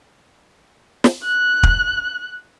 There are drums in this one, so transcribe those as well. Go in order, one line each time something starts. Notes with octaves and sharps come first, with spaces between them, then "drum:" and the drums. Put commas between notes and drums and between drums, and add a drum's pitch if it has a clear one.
drum: snare
F#6
drum: kick